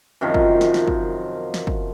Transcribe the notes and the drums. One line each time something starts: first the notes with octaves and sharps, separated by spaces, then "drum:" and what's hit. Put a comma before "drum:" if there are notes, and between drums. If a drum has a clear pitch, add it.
F#2 C3 D#3 F3
drum: kick
drum: snare
drum: snare
drum: kick
drum: snare
drum: kick